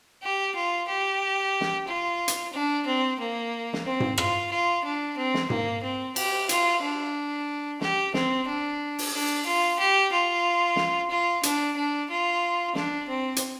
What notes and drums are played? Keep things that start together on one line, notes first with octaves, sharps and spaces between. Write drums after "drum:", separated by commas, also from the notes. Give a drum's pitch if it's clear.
G4
F4
G4
drum: snare
F4
drum: hi-hat
D4
C4
A#3
drum: snare
C4
drum: tom G#2
F4, drum: rim click
F4
D4
C4
drum: snare
A#3, drum: tom G#2
C4
G4, drum: cymbal
F4, drum: hi-hat
D4
G4, drum: snare
C4, drum: snare
D4
drum: open hi-hat
D4
F4
G4
F4
drum: snare
F4
D4, drum: hi-hat
D4
F4
D4, drum: snare
C4
drum: hi-hat